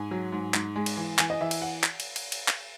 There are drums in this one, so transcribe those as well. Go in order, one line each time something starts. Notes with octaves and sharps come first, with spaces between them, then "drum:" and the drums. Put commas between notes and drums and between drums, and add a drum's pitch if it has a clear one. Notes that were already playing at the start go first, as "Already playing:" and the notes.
Already playing: G#2 G#5
F#3
G#2
G#2, drum: clap
G#3
drum: cymbal
E3
E3 G#5, drum: clap
D#5
E3 E5
drum: cymbal
F#5
drum: clap
drum: cymbal
drum: cymbal
drum: cymbal
drum: clap